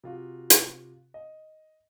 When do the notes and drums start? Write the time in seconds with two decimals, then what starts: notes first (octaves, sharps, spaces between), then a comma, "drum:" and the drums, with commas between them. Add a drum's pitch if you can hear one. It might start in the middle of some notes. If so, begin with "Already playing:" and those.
0.04 C3 F4 F#4
0.50 drum: hi-hat
1.14 D#5